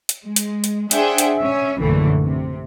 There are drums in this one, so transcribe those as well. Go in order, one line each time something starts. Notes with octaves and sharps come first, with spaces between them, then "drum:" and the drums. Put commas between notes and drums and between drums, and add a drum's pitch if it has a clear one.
drum: hi-hat
G#3
drum: hi-hat
drum: hi-hat
D4 G#4 C5 E5 F#5 G5, drum: hi-hat
drum: hi-hat
C#4 E5
A#1 F#2 A2 D3 E3 A3
C3